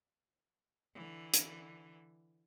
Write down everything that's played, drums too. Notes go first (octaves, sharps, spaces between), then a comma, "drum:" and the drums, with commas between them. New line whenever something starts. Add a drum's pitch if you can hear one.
D3 E3
drum: hi-hat